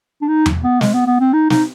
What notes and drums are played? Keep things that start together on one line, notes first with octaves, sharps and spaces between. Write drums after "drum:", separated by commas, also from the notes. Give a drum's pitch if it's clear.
D4
D#4
drum: tom E2
B3
G#3, drum: snare
B3
B3
C4
D#4
D#4, drum: snare